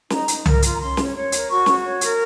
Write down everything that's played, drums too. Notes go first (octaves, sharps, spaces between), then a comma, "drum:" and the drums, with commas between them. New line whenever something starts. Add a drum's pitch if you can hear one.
D#4 A#5, drum: snare
D#4, drum: hi-hat
A#4, drum: tom C2
F4, drum: hi-hat
A#5
C#4 C6
C#4, drum: snare
C#5
A#4, drum: hi-hat
F#4 C#6
F#4, drum: snare
C#5
A#4, drum: hi-hat